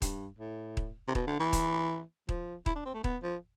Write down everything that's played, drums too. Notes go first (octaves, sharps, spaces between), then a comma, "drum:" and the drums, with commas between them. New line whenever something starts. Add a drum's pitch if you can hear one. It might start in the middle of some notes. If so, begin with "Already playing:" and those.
G2, drum: kick D#1, hi-hat
A2
drum: kick D#1
C3
B2, drum: kick D#1
D3
E3
drum: kick D#1, hi-hat
F3, drum: kick D#1
E4, drum: kick D#1
D4
C4
A3
B3, drum: kick D#1
F3